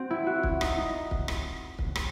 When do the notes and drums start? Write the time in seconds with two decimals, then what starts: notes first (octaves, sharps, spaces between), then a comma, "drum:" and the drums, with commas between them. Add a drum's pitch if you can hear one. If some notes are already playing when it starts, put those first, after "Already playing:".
Already playing: C4 F#4
0.10 E4
0.27 F#4
0.43 E4, drum: kick
0.61 D#4, drum: rim click
0.78 D#4
1.11 drum: kick
1.28 drum: rim click
1.79 drum: kick
1.95 drum: rim click